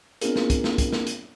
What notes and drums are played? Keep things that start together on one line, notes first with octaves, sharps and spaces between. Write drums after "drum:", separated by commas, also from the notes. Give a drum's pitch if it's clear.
B3 C4 D4 F4 G#4 A#4, drum: hi-hat
drum: snare
drum: kick, hi-hat
drum: snare
drum: kick, hi-hat
drum: snare
drum: hi-hat